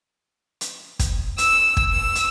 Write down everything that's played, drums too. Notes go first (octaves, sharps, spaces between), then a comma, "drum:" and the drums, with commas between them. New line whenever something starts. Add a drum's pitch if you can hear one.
drum: hi-hat
drum: kick, hi-hat
E6, drum: hi-hat
drum: kick
E6
drum: hi-hat